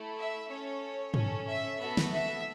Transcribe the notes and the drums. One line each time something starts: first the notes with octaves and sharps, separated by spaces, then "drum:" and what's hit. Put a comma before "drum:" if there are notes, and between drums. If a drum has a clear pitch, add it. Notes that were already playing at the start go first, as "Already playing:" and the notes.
Already playing: A3 E4 A4
E5
C#4 A4 C#5
C#4 A4, drum: tom
E5
B3 F#4 A4 E5
drum: snare
E5